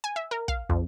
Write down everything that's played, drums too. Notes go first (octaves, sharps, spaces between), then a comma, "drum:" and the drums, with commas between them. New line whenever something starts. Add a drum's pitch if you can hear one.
G#5
E5
A#4
F5, drum: kick
F2, drum: kick